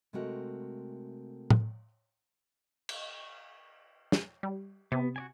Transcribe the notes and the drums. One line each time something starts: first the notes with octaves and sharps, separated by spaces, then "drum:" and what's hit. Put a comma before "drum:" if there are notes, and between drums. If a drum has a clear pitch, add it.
C3 G#3 A3 C4 F#4 A#4
drum: tom A2
drum: cymbal
drum: snare
G3
C3 B3
F#4 D5 G#5